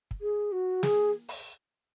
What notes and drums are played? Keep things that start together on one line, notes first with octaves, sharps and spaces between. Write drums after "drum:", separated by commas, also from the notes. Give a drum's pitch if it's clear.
drum: kick
G#4
F#4
G#4, drum: snare
drum: open hi-hat